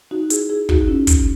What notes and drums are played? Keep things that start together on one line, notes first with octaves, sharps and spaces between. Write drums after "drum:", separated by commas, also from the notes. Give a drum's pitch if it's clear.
D#4 F#4
E4 G#4, drum: hi-hat
E4 G#4
D#4 F#4, drum: kick
C#4 E4
drum: kick, hi-hat